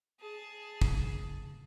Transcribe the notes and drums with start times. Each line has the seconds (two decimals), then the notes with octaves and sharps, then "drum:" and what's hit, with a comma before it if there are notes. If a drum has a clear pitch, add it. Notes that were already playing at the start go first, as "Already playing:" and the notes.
0.21 G#4 A5
0.82 drum: kick